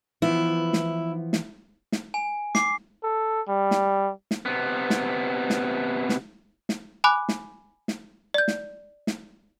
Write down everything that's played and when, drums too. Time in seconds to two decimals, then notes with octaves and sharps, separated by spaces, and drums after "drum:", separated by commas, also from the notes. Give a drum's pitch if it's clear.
0.22 E3 F3 B3 E4
0.73 drum: snare
1.33 drum: snare
1.92 drum: snare
2.14 G#5
2.55 D6 C7, drum: snare
3.03 A4
3.48 G3
3.71 drum: snare
4.31 drum: snare
4.46 C3 B3
4.90 drum: snare
5.50 drum: snare
6.09 drum: snare
6.69 drum: snare
7.04 G#5 B5 D6 F#6
7.29 drum: snare
7.88 drum: snare
8.34 D5 G6
8.48 drum: snare
9.07 drum: snare